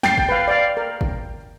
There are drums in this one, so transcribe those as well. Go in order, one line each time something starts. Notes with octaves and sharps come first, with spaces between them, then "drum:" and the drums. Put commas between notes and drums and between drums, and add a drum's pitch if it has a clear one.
G5 A6 C7, drum: snare
drum: kick G1
B4 F5
D5 F5
A#4
drum: kick G1